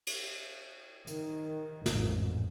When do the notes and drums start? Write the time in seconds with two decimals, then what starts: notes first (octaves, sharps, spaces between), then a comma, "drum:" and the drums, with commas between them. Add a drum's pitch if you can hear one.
0.07 drum: cymbal
1.07 D#3, drum: hi-hat
1.86 A1 F2 G#2, drum: snare